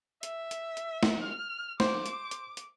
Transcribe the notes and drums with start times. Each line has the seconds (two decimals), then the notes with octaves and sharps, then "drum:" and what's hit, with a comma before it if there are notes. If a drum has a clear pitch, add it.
0.23 E5, drum: hi-hat
0.51 drum: hi-hat
0.77 drum: hi-hat
1.03 drum: snare
1.22 F6
1.80 C5 D6, drum: snare
2.06 drum: hi-hat
2.31 drum: hi-hat
2.57 drum: hi-hat